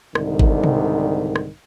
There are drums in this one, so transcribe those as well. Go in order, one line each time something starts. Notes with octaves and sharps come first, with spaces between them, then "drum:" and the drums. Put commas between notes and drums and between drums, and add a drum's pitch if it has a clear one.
C2 G#2 D3 D#3, drum: rim click
drum: kick G#1
drum: tom B2
drum: rim click